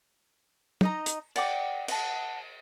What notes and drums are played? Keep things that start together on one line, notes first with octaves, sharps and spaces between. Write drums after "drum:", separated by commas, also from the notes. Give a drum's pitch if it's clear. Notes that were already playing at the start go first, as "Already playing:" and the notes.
D#4 D#5 A#5, drum: tom
drum: hi-hat
D5 F#5 G5 D6, drum: cymbal
F#5 A5, drum: cymbal